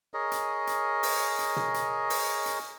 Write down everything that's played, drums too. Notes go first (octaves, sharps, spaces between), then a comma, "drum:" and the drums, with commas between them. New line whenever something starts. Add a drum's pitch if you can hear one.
G#4 A#4 C#5 D#5
drum: hi-hat
drum: hi-hat
drum: open hi-hat
drum: hi-hat
drum: tom
drum: hi-hat
drum: open hi-hat
drum: hi-hat